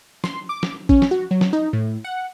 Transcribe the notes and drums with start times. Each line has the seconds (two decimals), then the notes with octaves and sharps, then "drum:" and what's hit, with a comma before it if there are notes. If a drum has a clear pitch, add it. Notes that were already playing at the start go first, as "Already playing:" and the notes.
0.24 C6, drum: snare
0.49 D6
0.63 drum: snare
0.89 C#4, drum: kick A1
1.02 drum: snare
1.11 F#4
1.31 F#3
1.41 drum: snare
1.53 D#4
1.73 A2
2.04 F#5